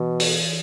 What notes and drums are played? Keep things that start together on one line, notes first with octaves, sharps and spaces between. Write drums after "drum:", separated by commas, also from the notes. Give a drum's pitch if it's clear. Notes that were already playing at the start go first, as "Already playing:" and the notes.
Already playing: B2 E3
drum: open hi-hat